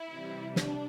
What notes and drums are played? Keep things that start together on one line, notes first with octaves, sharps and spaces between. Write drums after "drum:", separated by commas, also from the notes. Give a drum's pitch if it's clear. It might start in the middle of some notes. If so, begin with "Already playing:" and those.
Already playing: E4
C3 E3 G3
D4, drum: snare